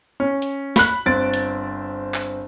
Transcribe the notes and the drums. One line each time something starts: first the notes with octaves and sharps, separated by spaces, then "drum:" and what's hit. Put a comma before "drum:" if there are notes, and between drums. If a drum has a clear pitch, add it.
C#4
drum: hi-hat
B5 F#6, drum: snare
G1 C4 A6 D7
drum: hi-hat
drum: clap